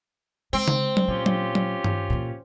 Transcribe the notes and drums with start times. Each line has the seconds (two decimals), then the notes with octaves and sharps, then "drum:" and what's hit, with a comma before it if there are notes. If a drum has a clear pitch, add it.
0.53 G#3 C4
0.68 drum: tom C#3
0.97 drum: tom F#3
1.08 A#2 C#4 F4 G4
1.26 drum: tom F#3
1.55 drum: tom F#3
1.84 drum: tom G2
2.10 A#2 E3